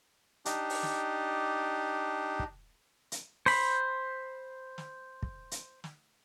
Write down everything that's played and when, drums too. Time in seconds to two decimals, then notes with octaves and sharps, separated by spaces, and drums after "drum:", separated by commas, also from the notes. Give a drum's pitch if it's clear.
0.45 D4 D#4 G4, drum: hi-hat
0.70 drum: open hi-hat
0.83 drum: snare
2.39 drum: kick
3.12 drum: hi-hat
3.46 C5 B5, drum: open hi-hat
4.78 drum: snare
5.23 drum: kick
5.51 drum: hi-hat
5.84 drum: snare